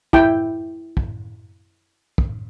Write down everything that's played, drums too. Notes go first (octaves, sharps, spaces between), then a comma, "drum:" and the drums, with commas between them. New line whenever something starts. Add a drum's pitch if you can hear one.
E4 G5, drum: kick
drum: kick
drum: kick